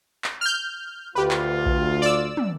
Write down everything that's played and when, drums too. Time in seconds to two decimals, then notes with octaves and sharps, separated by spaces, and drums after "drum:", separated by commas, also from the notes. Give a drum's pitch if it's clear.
0.24 drum: clap
0.41 F6 G6
1.15 D2 F4 G4 B4
1.31 drum: clap
1.66 drum: kick A#1
2.02 D5 E6
2.37 drum: tom